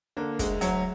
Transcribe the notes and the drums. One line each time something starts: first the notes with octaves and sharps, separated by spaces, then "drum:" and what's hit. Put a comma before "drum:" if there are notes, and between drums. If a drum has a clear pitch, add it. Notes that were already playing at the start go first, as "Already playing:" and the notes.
D3 A#3
D2 G#3, drum: kick, hi-hat
D2 F#3, drum: hi-hat